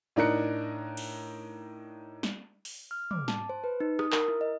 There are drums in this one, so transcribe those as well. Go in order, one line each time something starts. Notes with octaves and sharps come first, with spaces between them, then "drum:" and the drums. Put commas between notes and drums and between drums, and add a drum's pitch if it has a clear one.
A2 D4 D#4 A#4 F#6 C#7
drum: cymbal
drum: snare
drum: open hi-hat
F6
D6, drum: tom
A5, drum: snare
C5
B4
D#4
D#6, drum: rim click
A#4, drum: clap
E4
D#5